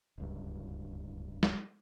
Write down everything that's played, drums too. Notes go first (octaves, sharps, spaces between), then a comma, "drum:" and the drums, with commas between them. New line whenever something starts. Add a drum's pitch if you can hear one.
D1 C#2 G2
drum: snare